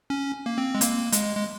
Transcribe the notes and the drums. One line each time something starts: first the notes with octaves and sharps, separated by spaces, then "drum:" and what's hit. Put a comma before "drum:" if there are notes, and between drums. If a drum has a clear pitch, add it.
C#4
A#3
C4
G#3
A#3, drum: hi-hat
G#3, drum: hi-hat
G#3